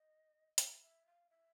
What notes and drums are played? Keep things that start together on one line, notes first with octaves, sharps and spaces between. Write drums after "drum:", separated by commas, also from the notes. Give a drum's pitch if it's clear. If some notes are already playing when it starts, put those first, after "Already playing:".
Already playing: D#5
E5, drum: hi-hat
E5
F5
E5